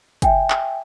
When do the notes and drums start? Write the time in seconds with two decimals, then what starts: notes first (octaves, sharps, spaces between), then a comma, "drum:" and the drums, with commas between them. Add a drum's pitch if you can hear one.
0.22 E5 G5 G#5, drum: kick, hi-hat
0.50 drum: clap